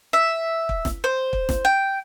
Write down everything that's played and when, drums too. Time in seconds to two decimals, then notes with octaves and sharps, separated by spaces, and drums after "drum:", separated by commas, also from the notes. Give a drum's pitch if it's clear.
0.13 E5
0.69 drum: kick
0.85 drum: snare
1.04 C5
1.33 drum: kick
1.49 drum: snare
1.65 G5